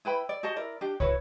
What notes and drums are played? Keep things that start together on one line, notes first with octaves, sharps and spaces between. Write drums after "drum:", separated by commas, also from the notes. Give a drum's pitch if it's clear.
E4 B4 G5 B5
D5
F#4 C5 D#5 A5
E4 A#4 D5
D4 G4
E4 F#4 B4 C#5, drum: kick